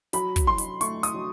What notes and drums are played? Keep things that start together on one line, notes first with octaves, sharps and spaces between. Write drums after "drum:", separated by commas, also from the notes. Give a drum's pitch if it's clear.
F#3 B5, drum: hi-hat
drum: kick, hi-hat
F#3 C6
drum: hi-hat
A3 C#6, drum: hi-hat
D#6, drum: hi-hat
F#3